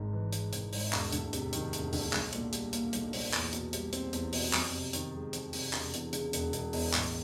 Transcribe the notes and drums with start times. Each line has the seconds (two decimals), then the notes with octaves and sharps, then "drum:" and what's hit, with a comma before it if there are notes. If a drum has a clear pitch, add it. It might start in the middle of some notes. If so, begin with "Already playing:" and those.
Already playing: G#1 G#2
0.13 E3
0.33 G#3, drum: hi-hat
0.53 G#1, drum: hi-hat
0.73 G#2, drum: open hi-hat
0.93 E1, drum: clap
1.12 D2, drum: hi-hat
1.33 C3, drum: hi-hat
1.53 D#3, drum: hi-hat
1.73 E1, drum: hi-hat
1.93 D2, drum: open hi-hat
2.13 B1, drum: clap
2.33 A#2, drum: hi-hat
2.53 G3, drum: hi-hat
2.73 A#3, drum: hi-hat
2.93 B1, drum: hi-hat
3.13 A#2, drum: open hi-hat
3.33 E2, drum: clap
3.53 B2, drum: hi-hat
3.73 G3, drum: hi-hat
3.93 C4, drum: hi-hat
4.13 E2, drum: hi-hat
4.33 B2, drum: open hi-hat
4.53 F2, drum: clap
4.73 C3
4.93 D#3, drum: hi-hat
5.13 G#3
5.33 F2, drum: hi-hat
5.53 C3, drum: open hi-hat
5.73 E1, drum: clap
5.94 E2, drum: hi-hat
6.13 C#3, drum: hi-hat
6.33 E1, drum: hi-hat
6.53 E1, drum: hi-hat
6.73 E2, drum: open hi-hat
6.93 A1, drum: clap